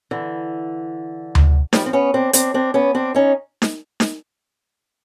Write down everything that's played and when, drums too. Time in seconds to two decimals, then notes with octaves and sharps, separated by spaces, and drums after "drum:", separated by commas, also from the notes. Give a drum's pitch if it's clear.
0.11 D3 E3
1.35 drum: tom D2
1.73 F3 G3, drum: snare D#4
1.86 C4
1.93 B3 C#4
2.14 C4 D4
2.33 C4 D4, drum: hi-hat
2.54 C4 D4
2.74 B3 C#4
2.95 C4 D4
3.15 C#4 D#4
3.62 drum: snare D#4
4.00 drum: snare D#4